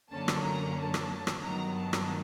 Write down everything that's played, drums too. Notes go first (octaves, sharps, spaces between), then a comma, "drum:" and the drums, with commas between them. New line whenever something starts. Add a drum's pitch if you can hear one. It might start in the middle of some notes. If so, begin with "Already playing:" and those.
F#2 D3 F#3 A#3 C#4 A5
drum: rim click
A#5
A5
drum: rim click
drum: rim click
G2 D#3 F#3 B3 A#5
A5
drum: rim click